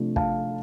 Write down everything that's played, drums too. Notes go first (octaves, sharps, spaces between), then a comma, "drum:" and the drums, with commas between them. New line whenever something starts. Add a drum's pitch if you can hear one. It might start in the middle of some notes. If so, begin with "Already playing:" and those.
Already playing: C3 F3 A3 D4
F5 A5, drum: kick